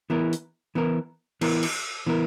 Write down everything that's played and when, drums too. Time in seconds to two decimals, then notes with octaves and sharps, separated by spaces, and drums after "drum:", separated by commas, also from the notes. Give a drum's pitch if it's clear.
0.10 E3 B3 E4 A#4
0.33 drum: hi-hat
0.75 E3 B3 E4 A#4
1.41 E3 B3 E4 A#4, drum: cymbal
1.63 drum: cymbal
2.06 E3 B3 E4 A#4